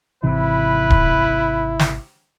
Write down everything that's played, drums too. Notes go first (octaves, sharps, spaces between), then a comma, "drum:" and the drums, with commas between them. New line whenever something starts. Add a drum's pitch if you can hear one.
G#1 C3 E3 E4 B4
drum: kick D1
drum: snare